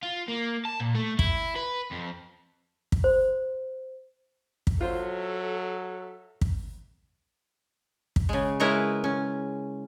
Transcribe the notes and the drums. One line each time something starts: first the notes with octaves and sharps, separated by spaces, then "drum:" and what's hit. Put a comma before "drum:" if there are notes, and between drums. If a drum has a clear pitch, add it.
F4
A#3
A5
A#2
A3
E4, drum: kick
B4
F2
drum: kick
C5
drum: kick
F#3 F4 A4 C5 E5
drum: kick
drum: kick
C#3 G#3
G#3 E4 A#4 B4 C#5 A#5
C#4